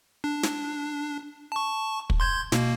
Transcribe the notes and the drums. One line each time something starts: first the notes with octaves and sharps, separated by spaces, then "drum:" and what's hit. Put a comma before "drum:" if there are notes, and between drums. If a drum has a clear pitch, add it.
D4
drum: snare
A5 C#6
drum: kick
C6 G6 G#6
B2 A#3, drum: snare